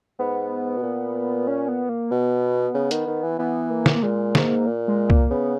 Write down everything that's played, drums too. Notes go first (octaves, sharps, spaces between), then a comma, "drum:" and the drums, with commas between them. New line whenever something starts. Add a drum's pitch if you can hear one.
G#2 B3
B2
A#2
C#4
B3
A#3
B2 B3
C#3
D#3, drum: hi-hat
D#3
E3
E3 B3
A#3
drum: snare
A#3
A#2 G#3
G#2 A#3, drum: snare
A#2
G#3
A#3, drum: kick C2
C#3 B3